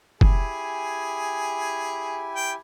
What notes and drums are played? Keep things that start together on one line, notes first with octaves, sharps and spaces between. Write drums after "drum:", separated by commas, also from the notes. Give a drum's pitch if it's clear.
E4 G4 G#4 G#5, drum: kick
G5